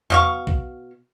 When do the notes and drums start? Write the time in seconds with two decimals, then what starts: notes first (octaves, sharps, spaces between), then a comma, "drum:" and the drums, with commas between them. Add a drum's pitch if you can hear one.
0.10 B2 F5 C#6, drum: tom E2
0.47 drum: kick A#1